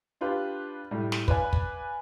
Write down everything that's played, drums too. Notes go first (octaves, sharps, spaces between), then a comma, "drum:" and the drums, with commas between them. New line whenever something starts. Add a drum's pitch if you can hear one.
D4 F4 G4 B4
A2 G3
drum: snare
B4 D5 F5 G#5 B5, drum: kick
drum: kick